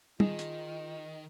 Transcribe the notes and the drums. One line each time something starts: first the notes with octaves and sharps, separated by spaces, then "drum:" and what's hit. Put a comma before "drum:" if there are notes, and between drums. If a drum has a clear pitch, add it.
D#3 F4 G#4 D#5, drum: tom
drum: hi-hat